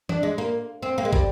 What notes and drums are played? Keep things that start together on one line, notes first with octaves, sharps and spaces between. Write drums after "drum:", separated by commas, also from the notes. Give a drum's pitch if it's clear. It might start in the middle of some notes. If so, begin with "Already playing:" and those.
D4, drum: tom E3
G#3
A#3
C4
A#3
G#3
G3, drum: kick